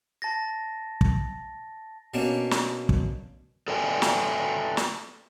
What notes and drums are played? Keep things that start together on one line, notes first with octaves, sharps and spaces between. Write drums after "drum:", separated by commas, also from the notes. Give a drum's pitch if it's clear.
A5 A6 A#6
drum: kick
B2 A#3 C#4 D4
drum: snare
drum: kick
A4 B4 D5 E5 G5 G#5
drum: snare
drum: snare